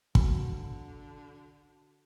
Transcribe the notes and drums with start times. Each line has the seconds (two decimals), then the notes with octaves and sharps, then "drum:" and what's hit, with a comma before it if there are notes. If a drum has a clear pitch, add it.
0.15 D3 F#4, drum: kick